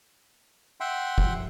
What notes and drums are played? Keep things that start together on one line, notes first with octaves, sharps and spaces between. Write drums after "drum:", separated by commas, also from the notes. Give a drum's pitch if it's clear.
E5 F#5 G5 C6
drum: kick